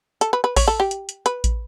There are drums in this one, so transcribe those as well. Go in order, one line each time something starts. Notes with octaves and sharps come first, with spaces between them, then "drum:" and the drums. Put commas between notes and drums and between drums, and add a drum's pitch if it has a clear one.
A4, drum: hi-hat
B4
B4
C#5, drum: kick A1, open hi-hat
A4
G4
drum: hi-hat
drum: hi-hat
B4, drum: hi-hat
drum: kick A1, hi-hat